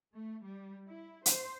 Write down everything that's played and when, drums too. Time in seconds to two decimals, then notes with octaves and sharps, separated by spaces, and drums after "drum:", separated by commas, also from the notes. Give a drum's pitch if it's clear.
0.14 A3
0.43 G3
0.88 E4
1.26 C5, drum: hi-hat